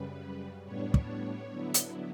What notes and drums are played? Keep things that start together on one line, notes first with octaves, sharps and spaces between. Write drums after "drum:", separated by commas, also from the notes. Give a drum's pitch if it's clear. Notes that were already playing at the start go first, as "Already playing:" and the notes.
Already playing: F#2 C#3 G3 B4
A2 G3 B3 D4 C#5
drum: kick
D3 F#3 B3 E4
drum: hi-hat